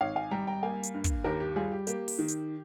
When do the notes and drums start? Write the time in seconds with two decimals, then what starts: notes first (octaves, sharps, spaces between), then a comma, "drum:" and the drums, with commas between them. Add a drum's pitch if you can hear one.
0.01 G#1 C#5 F5
0.16 F5 G#5
0.31 G3 G5 A#5
0.47 G5 A#5
0.63 A#3 F5 G#5
0.84 drum: hi-hat
0.94 G2
1.04 drum: kick, hi-hat
1.24 D#2 G4 A#4
1.40 G4
1.56 G3 F4 G#4
1.72 G4
1.87 A#3 G4, drum: hi-hat
2.08 drum: open hi-hat
2.19 D#3
2.28 drum: hi-hat